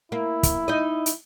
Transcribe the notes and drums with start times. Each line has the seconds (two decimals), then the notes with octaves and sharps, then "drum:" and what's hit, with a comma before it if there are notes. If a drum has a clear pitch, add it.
0.12 A#3 E4
0.43 drum: kick, hi-hat
0.68 D#4 D#5
1.06 drum: hi-hat